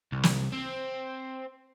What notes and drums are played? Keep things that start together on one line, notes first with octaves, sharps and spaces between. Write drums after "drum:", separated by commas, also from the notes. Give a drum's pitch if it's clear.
C2
drum: snare
C4